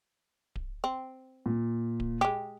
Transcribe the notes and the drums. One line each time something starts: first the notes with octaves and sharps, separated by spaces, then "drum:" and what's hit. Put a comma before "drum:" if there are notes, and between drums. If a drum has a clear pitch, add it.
drum: kick D1
C4
A#2
drum: kick D1
G#3 G4